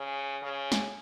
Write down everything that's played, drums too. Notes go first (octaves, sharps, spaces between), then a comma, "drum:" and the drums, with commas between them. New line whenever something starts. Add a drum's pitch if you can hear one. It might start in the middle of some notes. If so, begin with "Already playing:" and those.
Already playing: C#3
C#3
drum: snare